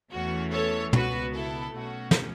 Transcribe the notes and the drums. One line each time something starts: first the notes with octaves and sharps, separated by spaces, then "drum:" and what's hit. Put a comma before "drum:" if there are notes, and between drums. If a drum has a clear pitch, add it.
E2 E3 A3 C#4 F#4
A4 C#5
C#2 B2 B3 F#4 B4, drum: tom
E4 A4
B1 B2 A3 C#4 F#4
drum: snare